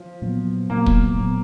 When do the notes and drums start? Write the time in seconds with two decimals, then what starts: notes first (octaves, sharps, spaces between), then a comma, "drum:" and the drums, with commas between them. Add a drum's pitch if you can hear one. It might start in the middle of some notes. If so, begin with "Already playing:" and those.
Already playing: F3
0.22 A#2 F#3 B3
0.70 A#2 F#3 A#3 B3
0.86 drum: kick
1.19 A#2 F#3 B3